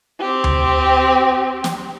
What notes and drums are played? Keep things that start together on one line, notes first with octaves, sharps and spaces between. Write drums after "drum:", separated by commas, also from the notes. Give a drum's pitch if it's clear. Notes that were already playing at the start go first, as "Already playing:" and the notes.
C4 G4
drum: tom D2
drum: snare